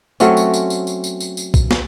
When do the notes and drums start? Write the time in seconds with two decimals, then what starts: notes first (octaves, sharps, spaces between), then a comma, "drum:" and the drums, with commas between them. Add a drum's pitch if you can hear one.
0.20 F#3 A3 C4 C#4, drum: tambourine
0.37 drum: tambourine
0.54 drum: tambourine
0.70 drum: tambourine
0.87 drum: tambourine
1.04 drum: tambourine
1.20 drum: tambourine
1.37 drum: tambourine
1.54 drum: kick, tambourine
1.71 drum: snare